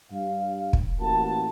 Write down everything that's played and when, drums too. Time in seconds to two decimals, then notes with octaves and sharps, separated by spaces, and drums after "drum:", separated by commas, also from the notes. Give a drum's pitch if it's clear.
0.11 G2 F5
0.73 drum: kick
1.00 A1 A#3 F#4 A4 A5